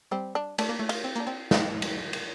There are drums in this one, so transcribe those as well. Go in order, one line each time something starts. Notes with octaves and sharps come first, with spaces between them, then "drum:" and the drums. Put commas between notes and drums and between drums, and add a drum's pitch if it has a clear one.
G3 C4
D4
A3 D4, drum: cymbal
A#3
A3
F4, drum: cymbal
C4
A#3 D4
C4
A3, drum: snare
drum: cymbal
drum: cymbal